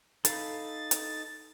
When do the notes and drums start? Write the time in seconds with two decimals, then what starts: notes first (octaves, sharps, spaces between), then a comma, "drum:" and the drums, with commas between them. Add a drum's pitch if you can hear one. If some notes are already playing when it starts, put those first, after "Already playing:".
0.25 D#4 A4 F5 B5 A6, drum: hi-hat
0.91 drum: hi-hat